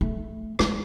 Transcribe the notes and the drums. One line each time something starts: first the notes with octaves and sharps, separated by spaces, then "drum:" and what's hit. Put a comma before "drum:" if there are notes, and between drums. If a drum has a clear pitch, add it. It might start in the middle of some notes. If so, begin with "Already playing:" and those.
A3
G#3, drum: rim click